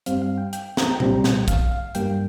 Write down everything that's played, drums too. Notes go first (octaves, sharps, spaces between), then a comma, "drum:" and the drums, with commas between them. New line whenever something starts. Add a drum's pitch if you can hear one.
G2 G3 C4 F5, drum: hi-hat
F5
G5
G5, drum: hi-hat
A#5, drum: snare
G5
C2 A#2 G3 C4 A#5, drum: tom B2
drum: snare
F5, drum: kick, hi-hat
F5
G2 G3 A#3 G5, drum: hi-hat